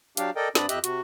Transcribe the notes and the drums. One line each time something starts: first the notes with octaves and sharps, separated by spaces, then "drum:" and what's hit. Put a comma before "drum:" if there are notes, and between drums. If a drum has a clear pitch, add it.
F#3 D4 G4 F5, drum: hi-hat
A4 A#4 D5 D#5 G5
G2 C4 D4 D5 B5 D#6, drum: snare
F2 G4 D#5 E5 F#6, drum: hi-hat
C3 F#4, drum: hi-hat